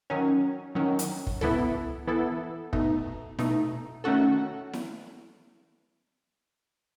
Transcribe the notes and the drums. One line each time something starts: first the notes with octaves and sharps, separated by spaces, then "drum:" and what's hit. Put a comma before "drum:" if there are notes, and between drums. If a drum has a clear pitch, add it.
D#3 F#3 C#4
D#3 F#3 C#4
drum: hi-hat
drum: kick
E3 B3 E4 A4, drum: tom C2
E3 B3 E4 A4
B2 A3 D#4, drum: kick
B2 A3 D#4, drum: snare E4
D#3 A3 C#4 F#4 A4
drum: snare E4